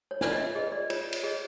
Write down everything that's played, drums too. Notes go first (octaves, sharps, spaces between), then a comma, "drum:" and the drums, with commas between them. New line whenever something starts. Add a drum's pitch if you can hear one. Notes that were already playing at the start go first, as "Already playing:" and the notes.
C#5
F4 D5, drum: snare
D#5
E5
G#4 B4 D#5
D5
F4 C#5, drum: cymbal
drum: cymbal
G#4 C#5 D#5